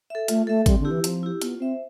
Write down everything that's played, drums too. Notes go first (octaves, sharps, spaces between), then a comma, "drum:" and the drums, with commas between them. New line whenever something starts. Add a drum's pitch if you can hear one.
A4 E5
A3 F4, drum: hi-hat
A3 A4 E5
G3 C4, drum: kick G#1, hi-hat
D3
E4 G4
E3
F3 C4, drum: hi-hat
E4 G4
B3 F4, drum: hi-hat
C4 C5 E5